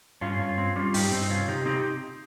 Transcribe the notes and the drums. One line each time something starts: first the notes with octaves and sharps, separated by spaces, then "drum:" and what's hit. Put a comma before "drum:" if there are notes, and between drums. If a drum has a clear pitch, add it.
G2 C#4 F4
G2
C4
G3 C#4 F4
G2 D#4 G4, drum: open hi-hat
G2 C4 D#4
D#4
C3 C#4 F4
C3 D#4 G4
C4 D#4 G4